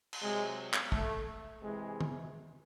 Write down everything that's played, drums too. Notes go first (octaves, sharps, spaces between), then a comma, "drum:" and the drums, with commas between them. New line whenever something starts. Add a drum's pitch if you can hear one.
drum: cymbal
C3 F#3 G#3
drum: clap
A3, drum: kick
C3 E3 G#3
drum: tom